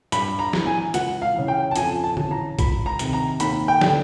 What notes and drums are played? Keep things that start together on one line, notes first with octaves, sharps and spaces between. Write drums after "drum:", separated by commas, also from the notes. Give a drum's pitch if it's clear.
G2 B5, drum: hi-hat
A#5
E3, drum: snare
G#5
C#2 F#5, drum: hi-hat
F5
C#3 E3
G5
A5
F2 G#5, drum: hi-hat
A5
C#3 E3, drum: tom D3
A#5
C#2 B5, drum: kick, hi-hat
A#5
C3 D#3, drum: hi-hat
A#5
D#2 B5, drum: hi-hat
G5
D3, drum: snare